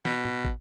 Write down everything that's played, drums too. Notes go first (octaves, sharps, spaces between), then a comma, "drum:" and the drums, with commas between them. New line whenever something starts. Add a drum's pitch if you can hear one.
B2, drum: snare
drum: tom
drum: kick